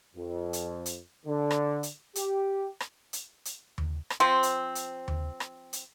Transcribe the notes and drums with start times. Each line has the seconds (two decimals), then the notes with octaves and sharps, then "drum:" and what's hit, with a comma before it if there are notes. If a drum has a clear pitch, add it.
0.15 F2
0.53 drum: hi-hat
0.86 drum: hi-hat
1.26 D3
1.51 drum: rim click
1.83 drum: hi-hat
2.15 G4, drum: hi-hat
2.80 drum: rim click
3.13 drum: hi-hat
3.45 drum: hi-hat
3.78 drum: tom D#2
4.10 drum: rim click
4.20 F3 C4
4.43 drum: hi-hat
4.75 drum: hi-hat
5.08 drum: tom D#2
5.40 drum: rim click
5.73 drum: hi-hat